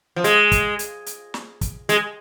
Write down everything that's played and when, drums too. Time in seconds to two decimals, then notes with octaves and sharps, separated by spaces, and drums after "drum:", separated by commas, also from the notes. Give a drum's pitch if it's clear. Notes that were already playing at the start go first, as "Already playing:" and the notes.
0.16 F3
0.24 G#3, drum: hi-hat
0.52 drum: kick, hi-hat
0.79 drum: hi-hat
1.06 drum: hi-hat
1.34 drum: snare
1.61 drum: kick, hi-hat
1.89 G#3, drum: hi-hat